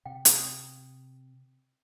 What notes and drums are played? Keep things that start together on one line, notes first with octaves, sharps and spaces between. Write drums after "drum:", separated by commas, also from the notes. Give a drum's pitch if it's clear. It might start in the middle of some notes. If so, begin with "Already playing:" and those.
C3 G5
D#6, drum: hi-hat